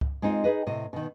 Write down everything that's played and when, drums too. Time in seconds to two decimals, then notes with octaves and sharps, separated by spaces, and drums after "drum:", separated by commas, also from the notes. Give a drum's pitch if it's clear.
0.01 drum: kick C#2
0.22 G#3 C4 D#4 F4
0.44 D#4 G#4 B4 D#5
0.66 A2 C3 D#5
0.93 B2 D#3